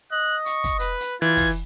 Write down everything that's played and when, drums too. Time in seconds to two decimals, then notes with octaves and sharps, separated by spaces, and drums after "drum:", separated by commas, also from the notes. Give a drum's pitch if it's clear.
0.12 D#5 F#6
0.46 C#6, drum: hi-hat
0.64 drum: kick, hi-hat
0.79 B4, drum: hi-hat
1.00 drum: hi-hat
1.22 E3 F4 G#6
1.37 drum: kick, open hi-hat